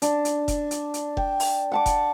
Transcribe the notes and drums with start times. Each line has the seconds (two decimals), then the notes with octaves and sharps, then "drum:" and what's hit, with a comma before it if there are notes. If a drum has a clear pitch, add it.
0.02 D4, drum: hi-hat
0.25 drum: hi-hat
0.48 drum: kick F1, hi-hat
0.71 drum: hi-hat
0.94 drum: hi-hat
1.17 G5, drum: kick F1
1.40 drum: open hi-hat
1.72 F#5 A5 D6
1.86 drum: kick F1, hi-hat